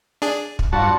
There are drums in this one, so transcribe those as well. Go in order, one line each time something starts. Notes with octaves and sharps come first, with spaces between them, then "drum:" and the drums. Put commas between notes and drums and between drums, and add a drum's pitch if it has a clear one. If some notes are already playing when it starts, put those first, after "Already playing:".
D4 G#4
drum: kick
G2 G3 F4 F#4 A5 C#6